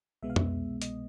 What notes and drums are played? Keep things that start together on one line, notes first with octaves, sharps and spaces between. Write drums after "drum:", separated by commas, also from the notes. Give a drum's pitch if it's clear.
C2 B2 G#3 B3 E5
F5
E5, drum: tom F2
D#5, drum: hi-hat